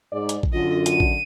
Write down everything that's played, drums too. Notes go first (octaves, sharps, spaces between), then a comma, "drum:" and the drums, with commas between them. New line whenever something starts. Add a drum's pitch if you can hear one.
G#2 D5
drum: hi-hat
drum: kick
F#2 D3 F4 D#5
D#7, drum: hi-hat
drum: kick